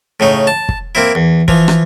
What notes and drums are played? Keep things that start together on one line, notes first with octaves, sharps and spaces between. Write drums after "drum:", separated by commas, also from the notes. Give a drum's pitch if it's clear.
A2 C#3 D#4
A5
drum: kick
A#3 C4 E4
E2
E3 F3, drum: kick
drum: rim click